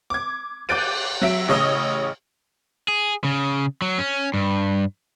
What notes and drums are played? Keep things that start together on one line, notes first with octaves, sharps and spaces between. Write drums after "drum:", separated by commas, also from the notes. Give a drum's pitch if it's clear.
D6 G#6
D6 F#6 G6 A6 D7 D#7, drum: cymbal
F#3 E5 D7
A1 C#3 C#5 D#5 D#6 E6
G#4
C#3
F#3
C#4
G2